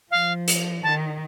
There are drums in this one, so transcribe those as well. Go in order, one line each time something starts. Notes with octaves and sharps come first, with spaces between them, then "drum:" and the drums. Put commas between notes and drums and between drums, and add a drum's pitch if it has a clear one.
F3 F5
drum: hi-hat
D#3 A5